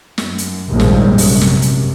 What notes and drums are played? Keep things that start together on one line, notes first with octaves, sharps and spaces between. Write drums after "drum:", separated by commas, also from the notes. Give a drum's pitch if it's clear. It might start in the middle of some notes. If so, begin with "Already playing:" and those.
F#2, drum: snare
drum: hi-hat
A#1 D#2 G#2 F3 G3 G#3
drum: snare
F#2 C3, drum: open hi-hat
drum: snare
drum: hi-hat